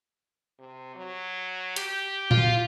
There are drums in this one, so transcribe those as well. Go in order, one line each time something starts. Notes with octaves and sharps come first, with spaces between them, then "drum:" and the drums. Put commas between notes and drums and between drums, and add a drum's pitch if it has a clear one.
C3
F#3
G4, drum: hi-hat
F4, drum: tom A#2